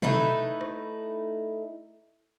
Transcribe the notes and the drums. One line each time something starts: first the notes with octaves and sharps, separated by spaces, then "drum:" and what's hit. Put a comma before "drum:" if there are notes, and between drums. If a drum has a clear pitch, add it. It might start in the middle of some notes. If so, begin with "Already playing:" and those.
A3 D#4 E4 B4, drum: tom B2
drum: rim click